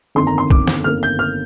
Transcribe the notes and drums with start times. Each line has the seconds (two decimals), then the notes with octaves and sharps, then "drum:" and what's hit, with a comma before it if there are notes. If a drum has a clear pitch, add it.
0.15 G1 F2 D#3 A#3 C6
0.27 A#5
0.38 C6
0.50 D6, drum: kick
0.68 drum: snare
0.84 G1 F2 D#3 A#3 F6
1.03 G6
1.19 F6